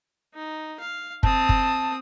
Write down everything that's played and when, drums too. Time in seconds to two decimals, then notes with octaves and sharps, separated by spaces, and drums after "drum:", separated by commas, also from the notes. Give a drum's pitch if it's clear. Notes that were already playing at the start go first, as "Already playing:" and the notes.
0.34 D#4
0.79 F5
1.23 C4 A5 D#6, drum: kick
1.49 drum: kick